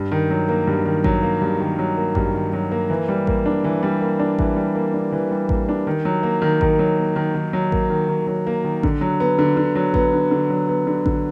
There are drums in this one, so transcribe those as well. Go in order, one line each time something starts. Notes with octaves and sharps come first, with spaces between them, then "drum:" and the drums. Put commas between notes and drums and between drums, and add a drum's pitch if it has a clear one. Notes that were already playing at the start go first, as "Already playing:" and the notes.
Already playing: G2
D#3
F#3
A#3
G2
D#3
F#3, drum: kick A1
A#3
G2
D#3
F#3
A#3
G2, drum: kick A1
D#3
F#3
A#3
E3
G3
A#3, drum: kick A1
D4
E3
G3
A#3
D4
E3, drum: kick A1
G3
A#3
D4
E3
G3
A#3, drum: kick A1
D4
D#3
F#3
A#3
D#3
D#3, drum: kick A1
F#3
A#3
D#3
D#3
F#3
A#3, drum: kick A1
D#3
D#3
F#3
A#3
D#3
D3, drum: kick A1
F#3
B3
D3
D3
F#3
B3, drum: kick A1
D3
D3
F#3
B3
D3
D3, drum: kick A1